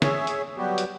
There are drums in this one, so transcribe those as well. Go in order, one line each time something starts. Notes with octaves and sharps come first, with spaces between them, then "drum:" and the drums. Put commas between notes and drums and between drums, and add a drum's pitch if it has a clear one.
G#4 C#5 E5, drum: snare
drum: hi-hat
F#3 G3 B3 F#4 G4
drum: hi-hat